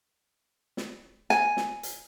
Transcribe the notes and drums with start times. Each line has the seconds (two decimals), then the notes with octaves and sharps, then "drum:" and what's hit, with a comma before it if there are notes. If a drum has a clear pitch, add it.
0.77 drum: snare
1.30 G#5, drum: snare
1.57 drum: snare
1.83 drum: hi-hat